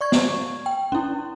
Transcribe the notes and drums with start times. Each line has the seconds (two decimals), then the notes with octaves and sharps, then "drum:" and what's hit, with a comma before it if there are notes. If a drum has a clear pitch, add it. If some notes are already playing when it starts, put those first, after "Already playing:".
0.01 D5 C#6 G#6
0.12 drum: snare
0.66 G5
0.92 C#4 D4 E4